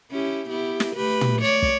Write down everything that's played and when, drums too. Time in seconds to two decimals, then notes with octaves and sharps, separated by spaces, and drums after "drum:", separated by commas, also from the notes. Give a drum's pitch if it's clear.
0.11 C#4 E4 G4
0.49 B3 E4 G4
0.80 drum: snare
0.95 A3 G4 B4
1.21 drum: tom
1.41 C#5 D5
1.62 drum: kick